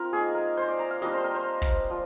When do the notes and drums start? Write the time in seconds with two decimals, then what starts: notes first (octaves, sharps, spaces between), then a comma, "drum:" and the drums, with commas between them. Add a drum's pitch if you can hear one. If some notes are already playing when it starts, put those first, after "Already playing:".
Already playing: C4 F4 A#4
0.13 A#3 D#4 G#4
0.35 A#4
0.57 C5
0.68 D5
0.79 A#5
0.91 F5
1.02 G3 A#3 D4 D#5, drum: snare
1.13 C5
1.24 A#4
1.35 C5
1.62 drum: kick
1.90 F3